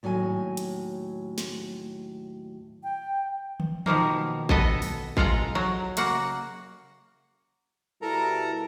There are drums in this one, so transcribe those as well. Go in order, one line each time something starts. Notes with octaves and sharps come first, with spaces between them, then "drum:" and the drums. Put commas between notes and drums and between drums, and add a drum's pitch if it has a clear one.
D#2 A2 F#3 A4 G#5
drum: hi-hat
drum: snare
G5
drum: tom D#3
B2 D#3 F3 A#3, drum: tom D#3
B3 A4 D#5 G#5 A5, drum: kick A1
drum: open hi-hat
G#3 F4 A4 F5 A#5, drum: kick A1
F#3
C#3 A#3 F#4 F#5, drum: hi-hat
B2 G3 E4 A4 A#4 A#5